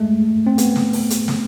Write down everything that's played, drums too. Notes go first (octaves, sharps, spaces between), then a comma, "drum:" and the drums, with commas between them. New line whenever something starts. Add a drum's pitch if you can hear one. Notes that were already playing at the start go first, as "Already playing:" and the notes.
Already playing: G#3 A3
C4
B3, drum: hi-hat
drum: snare
drum: open hi-hat
drum: hi-hat
drum: snare